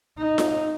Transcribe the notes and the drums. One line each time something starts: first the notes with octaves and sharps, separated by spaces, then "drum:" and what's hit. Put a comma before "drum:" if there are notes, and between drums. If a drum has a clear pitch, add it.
D#4
drum: snare F4